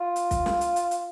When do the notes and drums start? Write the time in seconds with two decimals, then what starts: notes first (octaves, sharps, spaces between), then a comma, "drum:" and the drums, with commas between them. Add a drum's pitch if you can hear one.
0.01 F4
0.16 drum: hi-hat
0.31 drum: kick, hi-hat
0.46 drum: snare
0.61 drum: hi-hat
0.76 drum: hi-hat
0.91 drum: hi-hat